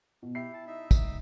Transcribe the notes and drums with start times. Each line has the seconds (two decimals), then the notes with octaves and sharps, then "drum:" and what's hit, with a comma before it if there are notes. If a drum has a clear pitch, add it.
0.22 B2
0.35 E4 G4 C7
0.54 A5
0.67 D#4 E5
0.91 drum: kick, tambourine